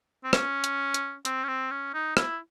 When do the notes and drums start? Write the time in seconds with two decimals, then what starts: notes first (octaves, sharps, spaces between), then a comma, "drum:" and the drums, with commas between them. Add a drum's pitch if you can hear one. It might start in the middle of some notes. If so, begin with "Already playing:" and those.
0.24 C4
0.33 C#4, drum: rim click
0.64 drum: hi-hat
0.94 drum: hi-hat
1.25 C4, drum: hi-hat
1.44 C#4
1.48 C4
1.71 C#4
1.94 D#4
2.17 E4, drum: rim click